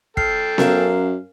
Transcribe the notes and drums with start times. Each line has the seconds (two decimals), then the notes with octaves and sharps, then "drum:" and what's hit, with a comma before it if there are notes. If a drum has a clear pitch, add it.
0.17 A4 G5 F6 C7, drum: kick
0.58 F#2 C#4 A#4 F5, drum: snare B3